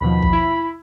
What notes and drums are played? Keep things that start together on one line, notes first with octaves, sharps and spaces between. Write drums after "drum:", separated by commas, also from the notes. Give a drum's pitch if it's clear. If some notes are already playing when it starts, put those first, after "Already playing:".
D#2 B2 F3 B5
drum: kick A1
E4